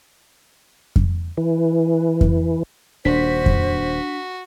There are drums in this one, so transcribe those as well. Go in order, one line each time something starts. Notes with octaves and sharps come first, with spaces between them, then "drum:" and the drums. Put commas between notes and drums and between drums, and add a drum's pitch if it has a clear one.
drum: kick F2
E3
drum: kick F2
D#1 D4 F#4 C5 B6
drum: kick F2